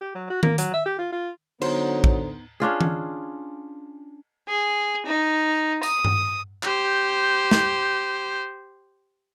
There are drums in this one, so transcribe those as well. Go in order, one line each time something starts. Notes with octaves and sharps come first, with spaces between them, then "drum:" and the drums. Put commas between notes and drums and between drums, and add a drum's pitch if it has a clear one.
G4
F#3
F#4
A#3, drum: tom D#3
F#3, drum: hi-hat
E5
G4
F4
F4
D3 F#3 B3 D#4 C5, drum: cymbal
drum: kick
C#4 D4 F4 G#4
drum: tom E3
G#4
D#4
D#6, drum: tambourine
drum: tom G2
G4 C5, drum: clap
drum: snare